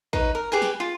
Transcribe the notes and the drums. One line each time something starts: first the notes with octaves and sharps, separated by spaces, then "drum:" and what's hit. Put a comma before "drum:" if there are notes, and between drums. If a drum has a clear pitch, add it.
D#4 B4 C#5, drum: kick A1
A#4
G4 G#4 B4 G#5
drum: snare
F4